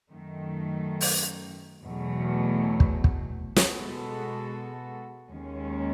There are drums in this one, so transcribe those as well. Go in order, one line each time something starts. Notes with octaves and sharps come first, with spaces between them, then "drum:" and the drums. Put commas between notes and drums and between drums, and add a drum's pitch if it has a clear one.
F#2 D#3 A3
drum: open hi-hat
E2 B2 F#3 A3
drum: kick
drum: kick
B2 G#3 B3 F#4 A4, drum: snare
D#2 D#3 G#3 C#4